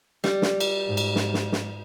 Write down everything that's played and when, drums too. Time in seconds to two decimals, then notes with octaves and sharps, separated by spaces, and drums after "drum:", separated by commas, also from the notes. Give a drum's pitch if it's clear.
0.24 G3, drum: snare
0.42 drum: snare
0.60 drum: cymbal
0.87 G#2
0.97 drum: cymbal
1.16 drum: snare
1.34 drum: snare
1.52 drum: snare